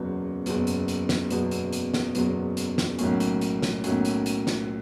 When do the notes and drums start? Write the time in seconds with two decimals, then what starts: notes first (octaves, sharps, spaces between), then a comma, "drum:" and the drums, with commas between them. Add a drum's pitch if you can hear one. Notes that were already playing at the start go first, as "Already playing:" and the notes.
Already playing: F#1 E2 B2 F#3 B3
0.46 F#1 E2 B2 F#3 B3, drum: hi-hat
0.67 drum: hi-hat
0.88 drum: hi-hat
1.09 drum: snare
1.30 F#1 E2 B2 F#3 B3, drum: hi-hat
1.51 drum: hi-hat
1.72 drum: hi-hat
1.94 drum: snare
2.15 F#1 E2 B2 F#3 B3, drum: hi-hat
2.57 drum: hi-hat
2.78 drum: snare
2.99 B1 A2 F#3 A#3 C#4, drum: hi-hat
3.20 drum: hi-hat
3.41 drum: hi-hat
3.62 drum: snare
3.84 B1 A2 F#3 A#3 C#4, drum: hi-hat
4.05 drum: hi-hat
4.26 drum: hi-hat
4.47 drum: snare